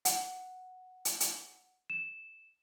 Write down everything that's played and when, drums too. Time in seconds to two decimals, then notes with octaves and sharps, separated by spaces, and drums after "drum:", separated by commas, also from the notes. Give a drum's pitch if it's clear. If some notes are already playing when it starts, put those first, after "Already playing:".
0.05 F#5, drum: hi-hat
1.05 drum: hi-hat
1.20 drum: hi-hat
1.90 E7